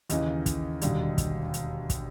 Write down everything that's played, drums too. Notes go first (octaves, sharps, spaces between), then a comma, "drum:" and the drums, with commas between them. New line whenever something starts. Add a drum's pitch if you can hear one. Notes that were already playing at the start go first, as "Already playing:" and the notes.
D#2 C#3 E3 D#5, drum: hi-hat
drum: kick, hi-hat
E1 D#2 D3 G3, drum: hi-hat
drum: kick, hi-hat
drum: hi-hat
drum: kick, hi-hat